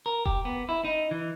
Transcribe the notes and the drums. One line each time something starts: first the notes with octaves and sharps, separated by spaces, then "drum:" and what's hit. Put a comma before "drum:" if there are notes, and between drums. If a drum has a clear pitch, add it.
A#4
G4, drum: kick E1
B3
E4
D#4
E3